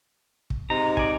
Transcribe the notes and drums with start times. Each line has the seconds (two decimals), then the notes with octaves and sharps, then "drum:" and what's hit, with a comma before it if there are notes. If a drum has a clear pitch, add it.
0.50 drum: kick
0.70 G#2 C3 D#4 A#5
0.97 D5 G#5, drum: kick